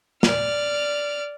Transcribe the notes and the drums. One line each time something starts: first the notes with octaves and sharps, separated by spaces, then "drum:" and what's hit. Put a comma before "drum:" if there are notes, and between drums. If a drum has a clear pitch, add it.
D5 F6, drum: snare